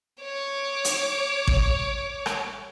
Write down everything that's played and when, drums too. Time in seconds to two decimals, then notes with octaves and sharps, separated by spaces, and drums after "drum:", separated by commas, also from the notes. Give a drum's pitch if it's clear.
0.22 C#5 D6
0.85 drum: hi-hat
1.47 drum: kick A1
2.26 drum: rim click